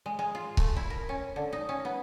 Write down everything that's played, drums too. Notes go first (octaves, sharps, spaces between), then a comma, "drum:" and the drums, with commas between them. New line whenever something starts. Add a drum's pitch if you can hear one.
G#3
G#3
F4
A3, drum: kick C#1
E4
A#4
C#4
D3
D#4
C#4
B3